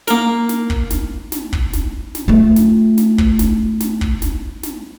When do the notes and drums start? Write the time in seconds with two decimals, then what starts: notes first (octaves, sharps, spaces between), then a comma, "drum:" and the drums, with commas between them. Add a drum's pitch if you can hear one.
0.08 A#3 A#4, drum: snare
0.49 drum: snare
0.70 drum: kick
0.90 drum: snare
1.32 drum: snare
1.53 drum: kick
1.73 drum: snare
2.15 drum: snare
2.28 A3 F4
2.56 drum: snare
2.98 drum: snare
3.18 drum: kick
3.39 drum: snare
3.80 drum: snare
4.01 drum: kick
4.22 drum: snare
4.63 drum: snare